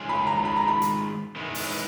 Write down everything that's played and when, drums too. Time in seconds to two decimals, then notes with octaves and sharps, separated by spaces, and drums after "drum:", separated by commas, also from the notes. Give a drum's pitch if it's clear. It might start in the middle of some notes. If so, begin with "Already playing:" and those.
Already playing: D#3 G#3 C#4 F4 G#4
0.09 B5
0.27 A#5
0.45 B5
0.56 A#5
0.68 B5
0.82 drum: hi-hat
1.36 D#3 G#3 B3 E4
1.55 drum: open hi-hat